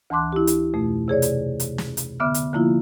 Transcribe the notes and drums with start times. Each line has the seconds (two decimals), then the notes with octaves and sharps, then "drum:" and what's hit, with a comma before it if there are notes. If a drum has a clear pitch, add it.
0.10 D2 E3 A5 C6 D6 F#6
0.33 E4 G4
0.47 drum: hi-hat
0.74 F2 B2 A3
1.08 C3 G#4 C#5 D5
1.22 drum: hi-hat
1.60 drum: hi-hat
1.78 drum: snare
1.97 drum: hi-hat
2.20 D3 B3 E5 D6 F6
2.34 drum: hi-hat
2.53 D3 F3 A#3 E4 F4